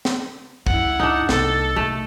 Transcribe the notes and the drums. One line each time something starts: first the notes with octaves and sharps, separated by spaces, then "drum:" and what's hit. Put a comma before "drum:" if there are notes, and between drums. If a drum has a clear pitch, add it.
drum: snare
C#2 F#2 E4 F#5, drum: kick
D4 D#4
C2 A#3 A4, drum: snare
C2 A3